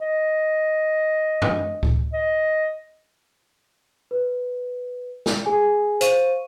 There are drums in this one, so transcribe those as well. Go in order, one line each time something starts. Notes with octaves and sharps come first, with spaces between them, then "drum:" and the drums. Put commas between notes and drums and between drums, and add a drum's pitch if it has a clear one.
D#5
drum: tom F#2
drum: kick C#2
D#5
B4
drum: snare
G#4 G#5
C5 F5 C#6 D#7, drum: hi-hat